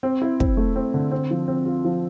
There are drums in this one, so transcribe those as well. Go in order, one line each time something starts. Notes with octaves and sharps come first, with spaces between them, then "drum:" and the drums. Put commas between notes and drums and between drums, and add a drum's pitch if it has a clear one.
C4
E4
C4, drum: kick
A3
C4
D3
C4
F3
C4
F4
F3